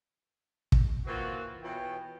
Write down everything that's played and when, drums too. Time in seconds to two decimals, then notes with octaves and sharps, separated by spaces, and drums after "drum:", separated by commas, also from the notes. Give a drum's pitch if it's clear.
0.72 drum: kick
1.06 E3 A#3 C4 F4 F#4
1.63 B2 E3 F4 G4 C#5 G5